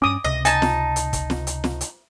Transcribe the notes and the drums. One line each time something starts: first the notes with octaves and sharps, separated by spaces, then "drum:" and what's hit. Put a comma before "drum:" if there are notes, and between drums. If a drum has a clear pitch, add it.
G2 C#4 D6 D#6
C#2 C3 D#5
D#4 G#5 A5, drum: hi-hat
drum: snare
drum: hi-hat
drum: kick, hi-hat
drum: snare
drum: hi-hat
drum: snare
drum: hi-hat